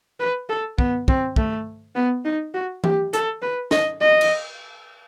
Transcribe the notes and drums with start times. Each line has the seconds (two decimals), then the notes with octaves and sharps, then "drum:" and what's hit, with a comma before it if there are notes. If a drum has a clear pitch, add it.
0.20 B4
0.49 A4
0.79 B3, drum: kick
1.08 C4, drum: kick
1.36 A3, drum: kick
1.96 B3
2.25 D#4
2.54 F#4
2.84 G4, drum: tom E3
3.13 A4, drum: hi-hat
3.42 B4
3.71 D#5, drum: snare
4.01 D#5
4.21 drum: cymbal